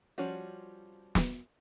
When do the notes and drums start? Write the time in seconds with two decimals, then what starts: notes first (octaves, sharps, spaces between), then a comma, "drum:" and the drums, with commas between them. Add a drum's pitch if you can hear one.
0.18 F3 G3 C#4 F4 F#4
1.15 drum: snare